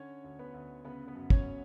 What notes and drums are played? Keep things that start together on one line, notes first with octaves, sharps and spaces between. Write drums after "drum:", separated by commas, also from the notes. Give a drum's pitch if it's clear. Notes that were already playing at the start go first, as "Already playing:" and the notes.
Already playing: D3 C#4 C#5
D2
B3 B4
D2
C#3 B3 B4
B3 B4
F#2
C#4 C#5, drum: kick